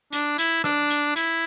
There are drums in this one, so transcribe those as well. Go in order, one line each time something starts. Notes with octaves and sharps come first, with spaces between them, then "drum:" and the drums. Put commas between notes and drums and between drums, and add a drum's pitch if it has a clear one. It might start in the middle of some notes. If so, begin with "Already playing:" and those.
D4, drum: hi-hat
E4, drum: hi-hat
D4, drum: rim click
drum: hi-hat
E4, drum: hi-hat